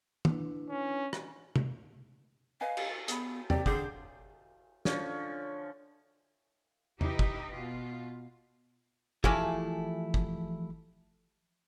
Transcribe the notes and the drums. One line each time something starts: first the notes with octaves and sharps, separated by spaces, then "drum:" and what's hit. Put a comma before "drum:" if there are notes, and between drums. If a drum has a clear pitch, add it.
D4 E4 B4, drum: tom
C#4
drum: rim click
drum: tom C3
B4 D#5 F5 G#5
drum: cymbal
B3 G#4 B5, drum: hi-hat
C3 G4 C5 D5 G5, drum: tom
D3 G#4 D6 G6, drum: kick
D3 F3 C#4, drum: snare
D#4 E4 G4 B4 D#5, drum: tom
drum: kick
B2 F4
E3 F3 A3 E4 G4 G#4, drum: kick
drum: kick